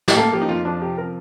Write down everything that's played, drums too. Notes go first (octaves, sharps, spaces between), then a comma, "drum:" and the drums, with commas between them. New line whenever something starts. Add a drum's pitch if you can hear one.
G4, drum: snare
A#3 A4
F3 G4
D#4
F2 F4
F3 D4
C3 G4
F3 A#4